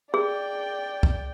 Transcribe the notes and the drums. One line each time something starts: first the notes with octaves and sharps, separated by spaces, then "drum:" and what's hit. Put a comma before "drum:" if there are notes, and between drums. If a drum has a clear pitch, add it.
G#4 D5 G5
drum: kick C2